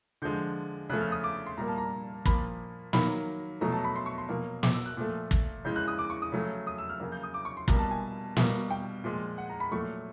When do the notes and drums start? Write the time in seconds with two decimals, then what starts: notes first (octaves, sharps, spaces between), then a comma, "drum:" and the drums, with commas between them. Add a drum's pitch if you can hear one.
0.22 D3 F3 G#3 G6
0.90 C#3 F3 A3 F#6
1.01 F6
1.12 D#6
1.24 D6
1.46 C6
1.58 A#2 G3 A#3 A#5
1.68 A5
1.78 A#5
2.25 A#2 F3 A#3 B5, drum: kick
2.93 D#3 F#3 A#3 B5, drum: snare
3.61 B2 F#3 A3 A#5
3.72 A5
3.84 B5
3.96 C6
4.06 C#6
4.18 C6
4.29 B2 F#3 A#3
4.63 D6, drum: snare
4.74 E6
4.86 F#6
4.97 A#2 F3 A3
5.31 drum: kick
5.65 C#3 E3 G#3 G6
5.76 F#6
5.88 D#6
5.99 D6
6.10 C#6
6.22 D#6
6.32 C#3 F#3 A3
6.67 D#6
6.78 E6
6.89 F6
7.00 C#3 F#3 A#3
7.12 G6
7.23 D#6
7.34 D6
7.45 C#6
7.57 C6
7.68 B2 G3 A#3 A#5, drum: kick
7.79 A5
7.91 G#5
8.36 B2 G3 A#3, drum: snare
8.70 G5
9.04 A#2 F3 G#3
9.38 F#5
9.50 A#5
9.60 B5
9.72 A#2 F#3 A3 C#6